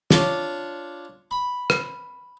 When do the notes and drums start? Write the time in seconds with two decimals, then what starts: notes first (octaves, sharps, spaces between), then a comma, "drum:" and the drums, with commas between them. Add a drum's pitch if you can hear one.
0.11 D4 F4 C#5, drum: snare
1.31 B5
1.70 drum: rim click